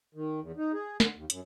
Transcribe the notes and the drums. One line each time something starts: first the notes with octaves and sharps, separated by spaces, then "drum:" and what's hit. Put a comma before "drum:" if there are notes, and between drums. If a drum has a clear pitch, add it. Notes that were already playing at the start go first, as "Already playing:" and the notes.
D#3
E2
D#4
G#4
D3, drum: snare
D#2
F#2, drum: hi-hat